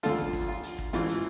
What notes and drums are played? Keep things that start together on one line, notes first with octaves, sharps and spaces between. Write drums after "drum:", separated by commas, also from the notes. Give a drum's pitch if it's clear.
D2 D3 F3 F4 A4, drum: hi-hat
drum: tom
drum: kick, open hi-hat
F4
drum: hi-hat
drum: kick
A1 G#2 E3 F4, drum: hi-hat
drum: hi-hat